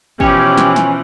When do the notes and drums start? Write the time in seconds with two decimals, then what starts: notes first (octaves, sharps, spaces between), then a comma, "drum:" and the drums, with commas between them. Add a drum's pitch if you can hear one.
0.20 B2 E3 F3 C#4 G4, drum: kick G1
0.58 drum: snare
0.76 drum: snare